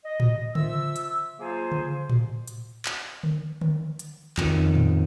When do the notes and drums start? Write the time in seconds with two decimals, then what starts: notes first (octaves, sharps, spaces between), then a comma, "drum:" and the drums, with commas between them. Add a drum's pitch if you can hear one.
0.05 D#5
0.20 drum: tom A2
0.55 F3 F4 E5 E6, drum: tom C#3
0.96 drum: hi-hat
1.39 F#3 A#3 F4 G#4 C5
1.72 drum: tom C#3
2.10 drum: tom A2
2.48 drum: hi-hat
2.85 drum: clap
3.23 drum: tom D3
3.61 drum: tom D3
3.99 drum: hi-hat
4.37 F2 D#3, drum: clap
4.75 drum: tom A2